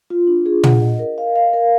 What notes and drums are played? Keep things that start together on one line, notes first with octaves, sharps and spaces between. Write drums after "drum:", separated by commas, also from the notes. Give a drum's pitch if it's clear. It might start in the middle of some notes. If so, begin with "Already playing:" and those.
F4
D4
G#4
F#5, drum: tom
D#5
A#4
F5
F5
A#4